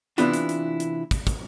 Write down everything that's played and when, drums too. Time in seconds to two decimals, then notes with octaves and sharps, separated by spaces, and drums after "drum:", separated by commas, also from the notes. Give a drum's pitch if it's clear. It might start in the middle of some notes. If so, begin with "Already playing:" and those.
0.18 C3 E3 B3 D4 E4 F4, drum: hi-hat
0.34 drum: hi-hat
0.49 drum: hi-hat
0.80 drum: hi-hat
1.11 drum: kick, hi-hat
1.27 drum: kick, hi-hat